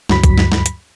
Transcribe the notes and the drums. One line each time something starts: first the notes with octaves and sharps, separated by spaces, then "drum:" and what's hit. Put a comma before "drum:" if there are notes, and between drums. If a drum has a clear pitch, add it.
D2 G2 F#3 B5 B6, drum: snare
drum: kick, hi-hat
drum: snare
drum: snare
drum: hi-hat